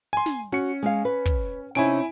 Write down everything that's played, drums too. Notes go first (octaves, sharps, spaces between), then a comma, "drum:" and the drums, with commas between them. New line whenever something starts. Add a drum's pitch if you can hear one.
G#5 C6
drum: snare
C#4 F#4 C#7
G#3 F5
B4
drum: kick, hi-hat
C3 C#4 D#4 E4 G#5 D7, drum: hi-hat